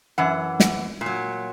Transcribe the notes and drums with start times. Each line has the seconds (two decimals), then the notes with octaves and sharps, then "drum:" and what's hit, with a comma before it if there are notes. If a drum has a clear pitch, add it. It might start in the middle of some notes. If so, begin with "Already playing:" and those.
0.18 F#2 E3 F#5
0.60 drum: snare
1.01 A#2
1.06 F#3